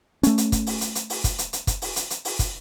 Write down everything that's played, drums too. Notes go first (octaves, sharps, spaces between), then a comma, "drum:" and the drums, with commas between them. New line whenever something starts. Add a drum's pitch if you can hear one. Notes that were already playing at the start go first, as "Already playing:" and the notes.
A3 C#4, drum: hi-hat
drum: hi-hat
drum: kick, hi-hat
drum: open hi-hat
drum: hi-hat
drum: hi-hat
drum: open hi-hat
drum: kick, hi-hat
drum: hi-hat
drum: hi-hat
drum: kick, hi-hat
drum: open hi-hat
drum: hi-hat
drum: hi-hat
drum: open hi-hat
drum: kick, hi-hat